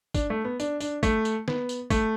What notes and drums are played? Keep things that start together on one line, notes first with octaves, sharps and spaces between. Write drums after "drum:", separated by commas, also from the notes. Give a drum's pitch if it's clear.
D4, drum: kick, tambourine
A3
B3
D4, drum: tambourine
D4, drum: tambourine
A3, drum: kick, tambourine
drum: tambourine
B3, drum: snare
drum: tambourine
A3, drum: kick, tambourine